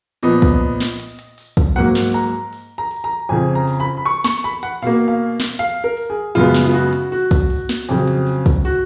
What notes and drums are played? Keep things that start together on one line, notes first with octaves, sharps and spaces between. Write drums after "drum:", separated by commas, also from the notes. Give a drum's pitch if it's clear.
A#2 F3 B3 D#5, drum: open hi-hat
drum: kick, hi-hat
drum: snare
drum: hi-hat
drum: hi-hat
drum: open hi-hat
drum: kick, hi-hat
G#2 F#3 A#3 F#5, drum: open hi-hat
drum: snare
A#5, drum: hi-hat
drum: open hi-hat
A#5
drum: open hi-hat
A#5
F2 C#3 F3 G#5
A#5
drum: open hi-hat
B5
B5
C#6, drum: open hi-hat
C#6, drum: snare
B5, drum: hi-hat
F#5, drum: hi-hat
B2 A#3 F5, drum: open hi-hat
F5
drum: snare
F5, drum: hi-hat
A#4
drum: open hi-hat
G#4
F#2 C#3 G#3 B3 F4, drum: open hi-hat
drum: snare
F4
F#4, drum: hi-hat
drum: hi-hat
F#4, drum: open hi-hat
drum: kick, hi-hat
drum: open hi-hat
drum: snare
F2 C#3 F#3, drum: hi-hat
drum: hi-hat
drum: open hi-hat
drum: kick, hi-hat
F#4, drum: open hi-hat